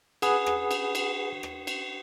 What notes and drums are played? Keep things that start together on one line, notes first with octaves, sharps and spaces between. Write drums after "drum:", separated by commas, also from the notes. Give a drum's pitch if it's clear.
G#4 B4 F#5 G#5 B5 D#6, drum: cymbal
drum: rim click
drum: cymbal
drum: cymbal
drum: rim click
drum: cymbal